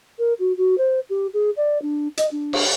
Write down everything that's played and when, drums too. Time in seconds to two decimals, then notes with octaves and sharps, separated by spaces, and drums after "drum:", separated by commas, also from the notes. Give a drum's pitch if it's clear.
0.18 A#4
0.39 F#4
0.57 F#4
0.77 C5
1.09 G4
1.33 G#4
1.56 D5
1.82 D4
2.17 D#5, drum: hi-hat
2.31 D4
2.53 drum: cymbal